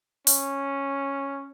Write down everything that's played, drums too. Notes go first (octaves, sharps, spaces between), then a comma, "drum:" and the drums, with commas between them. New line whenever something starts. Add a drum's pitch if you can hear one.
C#4, drum: open hi-hat